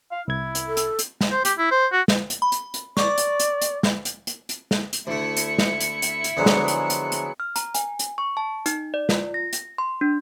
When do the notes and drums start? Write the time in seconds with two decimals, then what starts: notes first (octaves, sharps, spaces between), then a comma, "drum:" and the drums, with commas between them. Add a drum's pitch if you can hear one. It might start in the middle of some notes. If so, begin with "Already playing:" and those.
0.11 F5
0.28 C2 E4 G#6
0.55 drum: hi-hat
0.67 A4
0.77 drum: hi-hat
0.99 drum: hi-hat
1.21 drum: snare
1.32 C5
1.45 G4, drum: hi-hat
1.58 E4
1.71 C5
1.92 F#4
2.08 drum: snare
2.30 drum: hi-hat
2.42 B5
2.52 drum: hi-hat
2.74 drum: hi-hat
2.97 D5 C#6 D6, drum: snare
3.18 drum: hi-hat
3.40 drum: hi-hat
3.61 drum: hi-hat
3.83 drum: snare
4.05 drum: hi-hat
4.27 drum: hi-hat
4.49 drum: hi-hat
4.71 drum: snare
4.93 drum: hi-hat
5.07 D2 A3 E4 C#7
5.37 drum: hi-hat
5.58 drum: snare
5.80 drum: hi-hat
6.02 drum: hi-hat
6.24 drum: hi-hat
6.37 D3 F3 F#3 G#3 B3
6.46 drum: snare
6.68 drum: hi-hat
6.90 drum: hi-hat
7.12 drum: hi-hat
7.40 F6
7.56 A#5, drum: hi-hat
7.74 G#5, drum: hi-hat
7.99 drum: hi-hat
8.18 C#6
8.37 A5
8.66 D#4, drum: hi-hat
8.94 D5
9.09 F4, drum: snare
9.34 A#6
9.53 drum: hi-hat
9.78 C6
10.01 D4